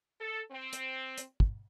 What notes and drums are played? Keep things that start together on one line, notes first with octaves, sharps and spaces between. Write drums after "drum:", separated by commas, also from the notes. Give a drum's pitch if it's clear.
A4
C4
drum: hi-hat
drum: hi-hat
drum: kick